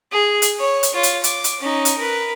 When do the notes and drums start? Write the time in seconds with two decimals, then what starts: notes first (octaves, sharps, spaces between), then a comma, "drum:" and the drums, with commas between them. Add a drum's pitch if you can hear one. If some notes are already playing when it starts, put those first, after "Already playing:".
0.12 G#4
0.42 drum: hi-hat
0.59 C#5
0.83 drum: hi-hat
0.93 F4 C#5
1.03 drum: hi-hat
1.24 D6, drum: hi-hat
1.44 drum: hi-hat
1.59 C#4 D#4
1.85 drum: hi-hat
1.97 A#4 B4